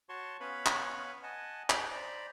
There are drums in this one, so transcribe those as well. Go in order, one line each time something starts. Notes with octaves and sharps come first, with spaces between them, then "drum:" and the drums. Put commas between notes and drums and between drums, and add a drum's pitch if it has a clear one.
F#4 C#5 A5 C6 C#6
B3 C#4 B4 C#5 F5 B5
drum: clap
D#5 F#5 G#5 A5
D#4 G4 G5 D6 F#6, drum: clap
C5 D5 A#5 B5